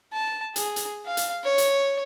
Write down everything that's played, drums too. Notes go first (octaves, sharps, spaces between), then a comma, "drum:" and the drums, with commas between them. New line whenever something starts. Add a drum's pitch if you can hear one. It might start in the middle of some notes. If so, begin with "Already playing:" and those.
A5
G#4, drum: hi-hat
drum: hi-hat
F5
drum: hi-hat
C#5
drum: hi-hat